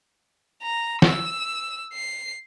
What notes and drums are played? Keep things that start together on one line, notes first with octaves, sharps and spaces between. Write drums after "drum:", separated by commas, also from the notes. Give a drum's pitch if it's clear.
A#5
E6, drum: snare
C7